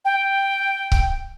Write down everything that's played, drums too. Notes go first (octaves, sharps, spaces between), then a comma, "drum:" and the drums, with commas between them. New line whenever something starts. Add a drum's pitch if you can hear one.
G5
drum: kick C#1